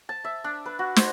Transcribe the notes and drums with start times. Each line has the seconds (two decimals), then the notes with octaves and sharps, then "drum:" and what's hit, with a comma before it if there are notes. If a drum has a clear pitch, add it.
0.09 A5
0.24 E5
0.44 D4
0.66 B4
0.79 F#4
0.96 C5, drum: snare